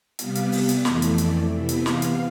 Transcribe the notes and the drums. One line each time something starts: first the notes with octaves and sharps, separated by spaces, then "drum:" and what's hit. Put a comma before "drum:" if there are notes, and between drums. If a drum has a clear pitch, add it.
C3 G3 B3 F5, drum: hi-hat
drum: hi-hat
drum: open hi-hat
drum: hi-hat
F2 E3 A3 E5, drum: snare
drum: hi-hat
D5, drum: hi-hat
C3 E3 B3 E5
drum: hi-hat
F5, drum: snare
drum: hi-hat